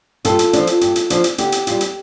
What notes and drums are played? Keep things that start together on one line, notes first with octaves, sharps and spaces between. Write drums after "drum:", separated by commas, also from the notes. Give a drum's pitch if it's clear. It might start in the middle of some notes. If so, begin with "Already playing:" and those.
G2 F4 A4, drum: hi-hat
drum: hi-hat
F3 D4, drum: hi-hat
drum: hi-hat
G2, drum: hi-hat
drum: hi-hat
F3 D4, drum: hi-hat
drum: hi-hat
D3 G4, drum: hi-hat
drum: hi-hat
G3 F4, drum: hi-hat
drum: hi-hat